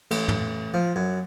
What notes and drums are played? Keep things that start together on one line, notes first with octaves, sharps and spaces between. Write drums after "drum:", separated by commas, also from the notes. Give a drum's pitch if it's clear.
A1, drum: cymbal
drum: tom
F3
F#2